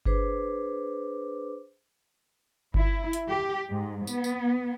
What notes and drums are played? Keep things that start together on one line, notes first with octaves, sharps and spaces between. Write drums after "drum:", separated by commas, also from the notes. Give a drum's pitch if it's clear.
D4 G#4 B4 C5 D6, drum: kick G1
E4, drum: kick G1
drum: hi-hat
G4
G#2
B3, drum: tambourine
drum: tambourine